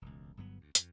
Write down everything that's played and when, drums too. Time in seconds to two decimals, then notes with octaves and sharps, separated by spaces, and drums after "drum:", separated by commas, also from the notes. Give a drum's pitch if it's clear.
0.02 E1 C#2
0.37 G1 G2 F#3 B3
0.61 D2
0.75 F2, drum: hi-hat